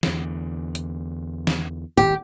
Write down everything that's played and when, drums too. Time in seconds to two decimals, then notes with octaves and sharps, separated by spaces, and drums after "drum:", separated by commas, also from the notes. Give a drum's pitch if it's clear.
0.03 E2 D3, drum: snare
0.75 drum: hi-hat
1.47 drum: snare
1.97 D#1 G#1 G4